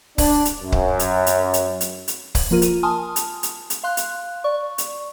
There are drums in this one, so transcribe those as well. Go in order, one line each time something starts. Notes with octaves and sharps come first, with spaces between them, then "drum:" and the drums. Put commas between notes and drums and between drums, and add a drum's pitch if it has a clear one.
D4, drum: kick C#1, open hi-hat
drum: hi-hat
F#2
drum: kick C#1
drum: hi-hat
drum: hi-hat
drum: hi-hat
drum: hi-hat
drum: hi-hat
drum: kick C#1, open hi-hat
F3 A#3 F4 A#4 D#7
drum: hi-hat
G#5 A5 C6 D#6 F6
drum: hi-hat
drum: hi-hat
drum: hi-hat
F5 C6 F#6
drum: hi-hat
D5 C#6
drum: hi-hat